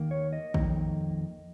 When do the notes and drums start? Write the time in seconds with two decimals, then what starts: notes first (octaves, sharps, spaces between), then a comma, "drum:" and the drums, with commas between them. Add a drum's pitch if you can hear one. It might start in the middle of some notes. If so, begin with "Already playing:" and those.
Already playing: D#2 D#3 A#3
0.11 C#5
0.33 D#5
0.54 F2 D#3 A#3, drum: kick